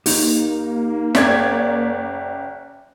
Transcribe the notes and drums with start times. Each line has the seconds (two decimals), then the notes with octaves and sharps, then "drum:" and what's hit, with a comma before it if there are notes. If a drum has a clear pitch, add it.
0.06 A#3 D#4 G4, drum: open hi-hat
1.15 F#1 D5 E5 F5 G5 G#6, drum: snare